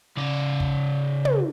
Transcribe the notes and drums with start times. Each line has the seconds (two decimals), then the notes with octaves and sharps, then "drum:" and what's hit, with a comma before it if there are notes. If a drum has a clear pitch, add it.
0.17 C#3 D5
0.60 drum: kick
1.25 drum: tom